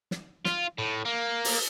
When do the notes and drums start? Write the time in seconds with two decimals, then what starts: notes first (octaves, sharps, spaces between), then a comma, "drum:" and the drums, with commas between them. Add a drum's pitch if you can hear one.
0.11 drum: snare
0.45 F4, drum: snare
0.78 A2
1.05 A#3
1.45 drum: open hi-hat